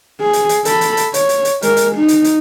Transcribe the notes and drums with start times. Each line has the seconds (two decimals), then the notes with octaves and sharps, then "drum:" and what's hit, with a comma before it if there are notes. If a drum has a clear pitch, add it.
0.21 G#4
0.33 drum: hi-hat
0.49 drum: hi-hat
0.65 A4 B5, drum: hi-hat
0.81 drum: hi-hat
0.97 drum: hi-hat
1.14 C#5, drum: hi-hat
1.29 drum: hi-hat
1.45 drum: hi-hat
1.62 G#3 A#4, drum: hi-hat
1.77 drum: hi-hat
1.96 D#4
2.08 drum: hi-hat
2.24 drum: hi-hat